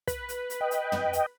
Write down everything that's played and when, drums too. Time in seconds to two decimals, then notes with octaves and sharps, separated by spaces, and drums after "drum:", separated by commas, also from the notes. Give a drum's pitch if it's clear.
0.08 B4, drum: kick, hi-hat
0.29 drum: hi-hat
0.50 drum: hi-hat
0.61 D#5 G5
0.71 drum: hi-hat
0.92 drum: tom
1.13 drum: hi-hat